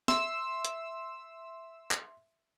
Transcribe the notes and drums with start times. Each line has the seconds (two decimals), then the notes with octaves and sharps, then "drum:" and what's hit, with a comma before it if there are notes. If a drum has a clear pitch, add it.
0.08 E5 C6 E6, drum: snare
0.65 drum: hi-hat
1.91 drum: clap